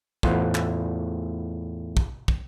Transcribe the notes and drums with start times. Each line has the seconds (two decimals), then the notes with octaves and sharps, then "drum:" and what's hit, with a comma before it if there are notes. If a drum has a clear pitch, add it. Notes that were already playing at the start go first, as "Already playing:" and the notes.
0.23 E2 A2 F4 B4 C5 F#5, drum: kick
0.55 drum: clap
1.97 drum: kick
2.28 drum: kick